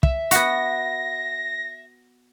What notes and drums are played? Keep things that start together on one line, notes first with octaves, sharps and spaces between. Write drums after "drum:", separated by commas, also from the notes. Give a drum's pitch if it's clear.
E5, drum: kick
B3 F#4 A#6, drum: hi-hat